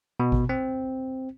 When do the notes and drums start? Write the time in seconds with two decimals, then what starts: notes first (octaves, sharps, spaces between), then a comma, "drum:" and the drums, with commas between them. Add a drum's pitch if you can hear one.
0.20 B2
0.32 drum: kick G#1
0.49 C4